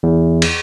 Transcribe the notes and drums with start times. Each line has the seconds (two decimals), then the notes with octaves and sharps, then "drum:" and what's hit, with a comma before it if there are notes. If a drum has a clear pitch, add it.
0.03 E2
0.42 drum: cymbal